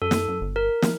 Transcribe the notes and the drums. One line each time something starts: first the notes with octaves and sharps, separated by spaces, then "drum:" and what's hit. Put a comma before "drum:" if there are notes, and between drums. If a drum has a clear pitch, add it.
F#2 A4
drum: snare
F#2
G1
A#4
F3, drum: snare